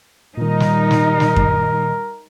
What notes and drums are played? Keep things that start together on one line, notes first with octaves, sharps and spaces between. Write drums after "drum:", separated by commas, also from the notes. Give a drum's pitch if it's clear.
A#2 D#3 G3 D#4 A#4
drum: snare
drum: snare
drum: snare
drum: kick F#2